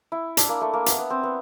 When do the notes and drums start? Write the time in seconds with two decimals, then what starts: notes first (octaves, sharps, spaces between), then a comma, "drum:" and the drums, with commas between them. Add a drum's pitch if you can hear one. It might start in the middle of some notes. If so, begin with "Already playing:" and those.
0.12 E4
0.37 D4, drum: hi-hat
0.49 A#3
0.61 A3
0.73 A#3
0.86 B3, drum: hi-hat
0.98 B3
1.10 C4
1.23 B3